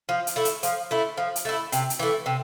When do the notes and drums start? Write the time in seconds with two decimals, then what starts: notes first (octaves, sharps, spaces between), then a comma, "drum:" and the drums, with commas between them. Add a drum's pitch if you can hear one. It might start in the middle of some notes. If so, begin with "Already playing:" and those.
0.09 F3
0.27 drum: hi-hat
0.36 A3 E4
0.45 drum: hi-hat
0.63 F3, drum: hi-hat
0.91 A3 E4
1.17 F3
1.36 drum: hi-hat
1.45 A3 E4
1.72 C3, drum: hi-hat
1.90 drum: hi-hat
1.99 E3 A3
2.26 C3